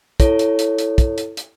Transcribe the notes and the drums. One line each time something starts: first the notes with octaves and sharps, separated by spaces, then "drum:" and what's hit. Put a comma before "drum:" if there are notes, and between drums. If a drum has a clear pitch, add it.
E4 A4 C#5, drum: kick, hi-hat
drum: hi-hat
drum: hi-hat
drum: hi-hat
drum: kick, hi-hat
drum: hi-hat
drum: hi-hat